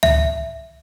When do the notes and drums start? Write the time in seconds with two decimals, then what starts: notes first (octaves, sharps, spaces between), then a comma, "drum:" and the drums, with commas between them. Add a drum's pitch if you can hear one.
0.03 E5, drum: tom